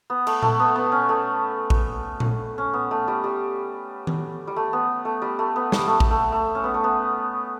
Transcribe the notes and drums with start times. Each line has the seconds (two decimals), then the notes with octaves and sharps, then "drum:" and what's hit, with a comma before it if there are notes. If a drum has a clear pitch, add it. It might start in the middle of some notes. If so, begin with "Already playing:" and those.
0.10 B3
0.27 A3, drum: cymbal
0.42 A3, drum: tom A#2
0.59 B3
0.76 B3
0.92 C#4
1.09 A3
1.70 drum: kick A1
2.20 drum: tom A#2
2.58 C#4
2.74 B3
2.91 A3
3.08 G3
3.24 G3
4.07 drum: tom D#3
4.47 G3
4.56 A3
4.73 B3
5.05 A3
5.22 G3
5.39 A3
5.56 B3
5.72 G3, drum: snare
5.88 A3
6.00 drum: kick A1
6.11 A3
6.32 A3
6.55 C#4
6.64 B3
6.74 A3
6.84 B3